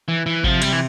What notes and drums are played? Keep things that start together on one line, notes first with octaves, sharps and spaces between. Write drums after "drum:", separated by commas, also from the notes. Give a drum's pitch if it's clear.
E3
E3
C3 F3, drum: kick G#1
G3, drum: cymbal
E3